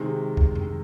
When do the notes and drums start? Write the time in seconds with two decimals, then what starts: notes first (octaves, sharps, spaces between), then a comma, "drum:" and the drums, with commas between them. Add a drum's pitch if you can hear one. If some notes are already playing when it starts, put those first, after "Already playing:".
Already playing: C3 D#3 G#3
0.37 drum: kick
0.55 drum: tom F2